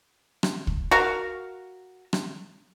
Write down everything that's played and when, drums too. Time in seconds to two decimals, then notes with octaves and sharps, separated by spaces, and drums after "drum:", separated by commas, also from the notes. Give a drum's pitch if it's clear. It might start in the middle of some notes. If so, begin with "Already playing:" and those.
0.43 drum: rim click
0.67 drum: kick
0.91 F#4 A#4 F5
2.13 drum: rim click